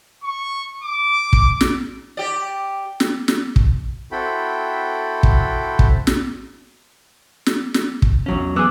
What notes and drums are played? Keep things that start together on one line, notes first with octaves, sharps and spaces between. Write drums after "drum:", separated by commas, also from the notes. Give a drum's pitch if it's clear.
C#6
D6
drum: kick
drum: snare
G4 D5
drum: snare
drum: snare
drum: kick
C4 E4 F#4 A4 G5 B5
drum: kick
drum: kick
drum: snare
drum: snare
drum: snare
drum: kick
E2 F#3 C#4
B3 G#4 D6 E6 F#6